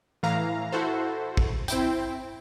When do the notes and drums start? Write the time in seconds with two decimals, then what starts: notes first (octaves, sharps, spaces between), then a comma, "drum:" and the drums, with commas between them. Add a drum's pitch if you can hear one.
0.23 A2 E3 F5 A#5
0.72 E4 F#4 A4 C5
1.37 drum: kick
1.68 C4 E4 G5, drum: hi-hat